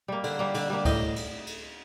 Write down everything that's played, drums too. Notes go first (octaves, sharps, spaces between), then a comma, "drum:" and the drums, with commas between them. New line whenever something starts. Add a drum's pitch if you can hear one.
G3 A#3
D3, drum: cymbal
G3 A#3
D3, drum: cymbal
G3 A#3
A2 D#5, drum: kick C#2, cymbal
drum: cymbal
drum: cymbal